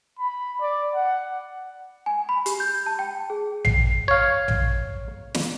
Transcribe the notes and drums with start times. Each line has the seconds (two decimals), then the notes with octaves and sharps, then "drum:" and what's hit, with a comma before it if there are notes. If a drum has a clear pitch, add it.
0.19 B5
0.61 D5
0.95 F#5
2.06 G#5
2.29 B5
2.46 G4, drum: hi-hat
2.60 G6
2.86 A5
2.99 G5
3.30 G#4
3.65 C7, drum: tom A#1
4.08 C#5 F5
4.48 drum: tom A#1
5.34 drum: snare